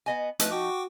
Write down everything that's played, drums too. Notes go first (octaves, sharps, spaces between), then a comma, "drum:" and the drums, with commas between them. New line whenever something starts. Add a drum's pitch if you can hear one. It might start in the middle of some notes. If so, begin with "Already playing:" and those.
B3 D#5 G#5
F3 A3 D#4 B4 F#6, drum: hi-hat
F#4 G5 C#6 D6